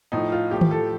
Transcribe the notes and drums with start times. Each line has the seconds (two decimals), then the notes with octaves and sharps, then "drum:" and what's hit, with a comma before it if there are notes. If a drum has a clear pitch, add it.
0.12 A2 F3 D#4
0.32 F4
0.51 A2 F3 G4
0.61 drum: tom D#3
0.71 A4